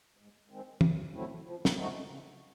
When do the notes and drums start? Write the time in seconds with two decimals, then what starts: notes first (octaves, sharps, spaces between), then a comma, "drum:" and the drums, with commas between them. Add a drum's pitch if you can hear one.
0.17 G#2
0.50 D#3 G#3 C4
0.81 B2, drum: tom
1.13 F#3 A3 C4 E4
1.44 F3
1.65 drum: snare
1.76 A3 C4 D#4 F#4
2.08 C#3